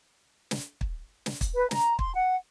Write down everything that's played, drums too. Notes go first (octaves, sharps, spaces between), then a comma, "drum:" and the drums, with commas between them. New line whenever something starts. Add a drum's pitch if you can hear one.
drum: snare
drum: kick
drum: snare
drum: kick, hi-hat
B4
A#5, drum: snare
C6, drum: kick
F#5